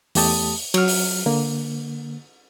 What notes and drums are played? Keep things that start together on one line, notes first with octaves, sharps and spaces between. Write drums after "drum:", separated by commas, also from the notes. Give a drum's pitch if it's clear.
E2 A3 G4 A5 D#6, drum: open hi-hat
F#3 F6, drum: cymbal
drum: open hi-hat
D3 A#3